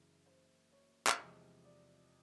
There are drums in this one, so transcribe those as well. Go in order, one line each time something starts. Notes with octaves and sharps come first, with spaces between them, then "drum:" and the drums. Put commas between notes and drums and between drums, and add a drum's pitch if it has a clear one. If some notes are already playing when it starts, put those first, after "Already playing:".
Already playing: F#1 F#2 C#3 E3
C5
C#5
drum: clap
E2 C3 F3 G#3 D#5
D5